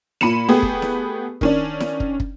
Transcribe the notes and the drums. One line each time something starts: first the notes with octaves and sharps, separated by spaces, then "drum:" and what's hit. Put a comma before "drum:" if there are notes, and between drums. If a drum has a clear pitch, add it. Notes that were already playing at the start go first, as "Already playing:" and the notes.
A#2 B5 C#7 D#7 E7, drum: snare E4
A3 B3 G4 G#4 B4
drum: kick
drum: snare E4
D#3 C#4 D4, drum: kick
drum: snare E4
drum: kick
drum: kick